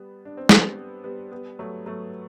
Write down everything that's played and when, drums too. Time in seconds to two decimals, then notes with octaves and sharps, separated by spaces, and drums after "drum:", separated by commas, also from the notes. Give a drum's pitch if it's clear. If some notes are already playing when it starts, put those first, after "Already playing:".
Already playing: G3 B3
0.25 D4
0.37 C4
0.49 G3 B3, drum: snare
1.04 G3 B3
1.32 G3 B3
1.59 F#3 A3
1.86 F#3 A3